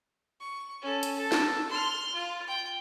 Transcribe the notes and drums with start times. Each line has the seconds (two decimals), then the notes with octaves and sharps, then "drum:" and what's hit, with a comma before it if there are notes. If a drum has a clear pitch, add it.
0.40 C#6
0.82 C#4 A4
1.03 drum: hi-hat
1.16 A4
1.32 drum: snare
1.69 C6 F6
2.15 F4
2.47 G5